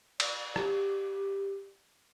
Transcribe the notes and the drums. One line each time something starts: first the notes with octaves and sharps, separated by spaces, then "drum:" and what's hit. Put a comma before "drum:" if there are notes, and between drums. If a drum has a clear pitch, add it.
D5, drum: cymbal
G4, drum: rim click